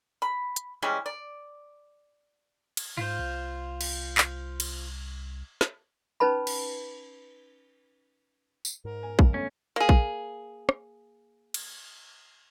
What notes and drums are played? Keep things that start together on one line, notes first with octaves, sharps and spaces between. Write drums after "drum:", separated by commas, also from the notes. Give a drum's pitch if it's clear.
B5
drum: hi-hat
E3 G3 G#3 C#4
D5
drum: cymbal
G#2 F4 C5
C2
drum: cymbal
drum: clap
drum: cymbal
drum: snare
C#4 D#4 B4 A5 B5
drum: cymbal
drum: tambourine
G#2 A#4
G#5
F#2 C#3 F#3 G#3, drum: kick A#1
G1 A3 C#4 C#5
A#3 G#4
drum: kick A#1
drum: rim click
drum: cymbal